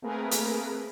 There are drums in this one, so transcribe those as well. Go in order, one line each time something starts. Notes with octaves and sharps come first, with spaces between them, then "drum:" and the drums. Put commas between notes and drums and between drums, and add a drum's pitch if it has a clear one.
A3 A#3 C4 G#4 A#4 B4
drum: hi-hat